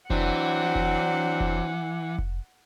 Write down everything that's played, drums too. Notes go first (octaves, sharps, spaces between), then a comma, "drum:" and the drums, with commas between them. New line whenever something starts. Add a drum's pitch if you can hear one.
E3 F#3 C4 D4 F#5, drum: kick F1
drum: kick F1
drum: kick F1
drum: kick F1